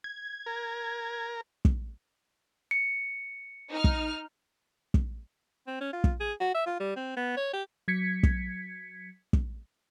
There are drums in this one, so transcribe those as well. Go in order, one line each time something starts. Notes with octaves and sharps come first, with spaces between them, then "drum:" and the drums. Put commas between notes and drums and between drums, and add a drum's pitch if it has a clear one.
G#6
A#4
drum: kick
C#7
D#4 F6
drum: kick
drum: kick
C4
C#4
F4
drum: kick
G#4
F#4
E5
F4
G3
C4
B3
C#5
G4
F#3 G#6 B6 C#7
drum: kick
drum: kick